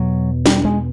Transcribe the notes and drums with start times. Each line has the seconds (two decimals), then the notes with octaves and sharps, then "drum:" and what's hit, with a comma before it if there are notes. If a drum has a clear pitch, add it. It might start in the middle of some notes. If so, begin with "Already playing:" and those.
Already playing: E2 B2 F#3
0.46 G3, drum: snare
0.65 G#3